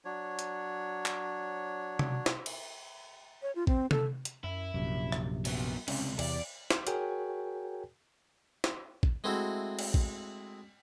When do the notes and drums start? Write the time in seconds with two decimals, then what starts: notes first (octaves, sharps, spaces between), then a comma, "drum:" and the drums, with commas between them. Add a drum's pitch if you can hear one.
0.05 F#3 D4 C#5
0.39 drum: hi-hat
1.06 drum: clap
1.99 drum: tom C3
2.26 drum: snare
2.46 drum: cymbal
3.42 C#5
3.55 F4
3.67 C4, drum: kick A1
3.91 A4, drum: tom C3
4.25 drum: hi-hat
4.44 F#2 E4
4.74 A#1 F#2 C3
5.12 drum: rim click
5.45 F#3 B3, drum: cymbal
5.88 C#2 C3 C#4, drum: cymbal
6.19 E2 C3 D5, drum: cymbal
6.70 drum: snare
6.87 F#4 G#4 A#4 C#5 G5 G#5, drum: hi-hat
8.64 drum: snare
9.03 drum: kick A1
9.24 G#3 A3 C4 E4 F#4
9.79 drum: cymbal
9.94 drum: kick A1